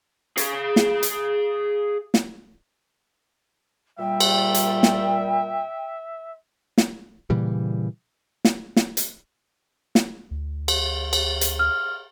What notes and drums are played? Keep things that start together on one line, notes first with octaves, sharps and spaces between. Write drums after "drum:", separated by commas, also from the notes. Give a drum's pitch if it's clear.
G#4 F5, drum: hi-hat
drum: snare
drum: hi-hat
drum: snare
A#2 G3 E5 G5
drum: cymbal
drum: hi-hat
drum: snare
drum: snare
A#2 C#3 E3 G3
drum: snare
drum: snare
drum: hi-hat
drum: snare
D2
drum: cymbal
drum: cymbal
drum: hi-hat
F6